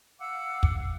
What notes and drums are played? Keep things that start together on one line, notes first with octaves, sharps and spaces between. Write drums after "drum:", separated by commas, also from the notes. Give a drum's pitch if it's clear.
F5 F#5 D6 E6
drum: kick